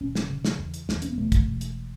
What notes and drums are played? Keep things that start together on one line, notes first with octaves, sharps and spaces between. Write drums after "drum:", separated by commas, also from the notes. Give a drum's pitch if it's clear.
E1 C#4
drum: snare
C#3
drum: snare
E2
drum: hi-hat
E2, drum: snare
C#4, drum: hi-hat
B3
E1 A3
drum: kick, hi-hat
E1
drum: hi-hat